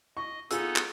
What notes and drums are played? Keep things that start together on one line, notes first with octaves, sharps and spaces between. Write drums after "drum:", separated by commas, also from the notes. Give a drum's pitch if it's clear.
D#5 C#6
B3 D#4 F4 G#4 A4 E6, drum: hi-hat
drum: clap